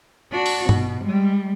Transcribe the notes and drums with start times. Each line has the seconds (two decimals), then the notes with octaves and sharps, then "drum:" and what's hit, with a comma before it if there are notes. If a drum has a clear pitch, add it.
0.32 D4 F#4
0.46 drum: open hi-hat
0.69 B2, drum: tom G2
1.01 G3 G#3